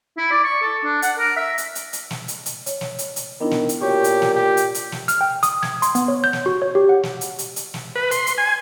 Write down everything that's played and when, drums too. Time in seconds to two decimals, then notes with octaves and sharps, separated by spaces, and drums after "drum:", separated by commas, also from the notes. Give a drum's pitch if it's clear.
0.18 E4
0.31 D5
0.44 C#6
0.62 A4
0.84 D4
1.02 F#5, drum: hi-hat
1.18 A#4
1.36 E5
1.58 drum: hi-hat
1.75 drum: hi-hat
1.93 drum: hi-hat
2.11 drum: snare
2.28 drum: hi-hat
2.46 drum: hi-hat
2.66 C#5, drum: hi-hat
2.81 drum: snare
2.99 drum: hi-hat
3.16 drum: hi-hat
3.40 D#3 B3 D4 E4
3.51 drum: snare
3.69 drum: hi-hat
3.81 A#2 F#4 G4 C#5 C#6
4.04 drum: hi-hat
4.22 drum: snare
4.34 G4
4.57 drum: hi-hat
4.75 drum: hi-hat
4.92 drum: snare
5.08 F6, drum: hi-hat
5.21 G5
5.43 D#6, drum: hi-hat
5.63 G#6, drum: snare
5.82 C6, drum: hi-hat
5.95 B3, drum: hi-hat
6.08 C#5
6.24 G6
6.33 drum: snare
6.46 F#4
6.62 C#5
6.75 G4
6.89 F#5
7.03 drum: snare
7.21 drum: hi-hat
7.39 drum: hi-hat
7.56 drum: hi-hat
7.74 drum: snare
7.96 B4
8.11 C6, drum: hi-hat
8.27 drum: hi-hat
8.38 G#5